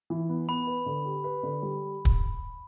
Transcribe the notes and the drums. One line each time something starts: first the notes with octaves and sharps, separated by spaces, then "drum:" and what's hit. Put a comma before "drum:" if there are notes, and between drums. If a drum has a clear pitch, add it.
E3
B3
B3 B5
B4
D3
G4
B4
D3
G3
drum: kick